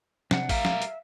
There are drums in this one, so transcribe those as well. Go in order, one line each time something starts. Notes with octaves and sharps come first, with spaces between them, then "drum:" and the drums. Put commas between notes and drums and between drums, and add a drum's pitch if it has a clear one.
C3 D4 F#5, drum: snare
G3 A#4 E5 F5, drum: kick A1, open hi-hat
drum: snare
drum: hi-hat